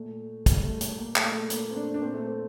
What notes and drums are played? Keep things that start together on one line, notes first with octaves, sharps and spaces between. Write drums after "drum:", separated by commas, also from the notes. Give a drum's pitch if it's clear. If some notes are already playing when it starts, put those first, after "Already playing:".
Already playing: A#2 A3
G3, drum: kick, hi-hat
A3
A3, drum: hi-hat
A#2 A#3
A3, drum: clap
A3
A#3, drum: hi-hat
C4
D4
D4
A#2 C4
A3
C4